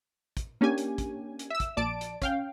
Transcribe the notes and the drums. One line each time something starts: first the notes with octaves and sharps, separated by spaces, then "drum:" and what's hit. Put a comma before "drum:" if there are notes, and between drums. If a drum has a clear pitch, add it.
drum: kick, hi-hat
A#3 C#4 D4 G4 G#5
drum: hi-hat
drum: kick, hi-hat
drum: hi-hat
E5 E6
drum: kick, hi-hat
A#1 D5 A5 D7
drum: hi-hat
C#4 F5 G5, drum: kick, hi-hat